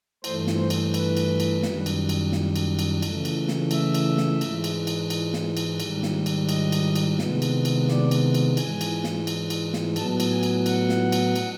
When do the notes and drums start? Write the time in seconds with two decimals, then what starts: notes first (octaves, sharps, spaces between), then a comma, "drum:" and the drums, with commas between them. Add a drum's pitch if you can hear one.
0.24 G2 E3 A3 C5, drum: cymbal
0.47 drum: snare
0.58 C5
0.70 drum: cymbal
0.94 B4, drum: cymbal
1.17 drum: cymbal
1.40 drum: cymbal
1.63 F#2 D#3 G3, drum: snare
1.86 drum: cymbal
2.09 drum: cymbal
2.32 drum: snare
2.56 drum: cymbal
2.79 drum: cymbal
3.02 C#3 E3 A3, drum: cymbal
3.25 drum: cymbal
3.48 drum: snare
3.71 E5, drum: cymbal
3.94 drum: cymbal
4.18 drum: snare
4.41 G#2 E3 G#3, drum: cymbal
4.64 drum: cymbal
4.87 drum: cymbal
5.10 drum: cymbal
5.33 drum: snare
5.57 drum: cymbal
5.80 G#2 D#3 G3, drum: cymbal
6.03 drum: snare
6.26 drum: cymbal
6.49 D#5, drum: cymbal
6.72 drum: cymbal
6.96 drum: cymbal
7.19 C3 D#3 G#3 B3, drum: snare
7.42 drum: cymbal
7.65 drum: cymbal
7.89 D5, drum: snare
8.11 drum: cymbal
8.35 drum: cymbal
8.57 G#2 E3 G#3 G#5, drum: cymbal
8.81 drum: cymbal
9.04 drum: snare
9.27 drum: cymbal
9.50 drum: cymbal
9.73 drum: snare
9.96 A2 F#3 B3 A5, drum: cymbal
10.20 drum: cymbal
10.31 G#5
10.43 drum: cymbal
10.66 F#5, drum: cymbal
10.89 drum: snare
11.12 drum: cymbal
11.36 drum: cymbal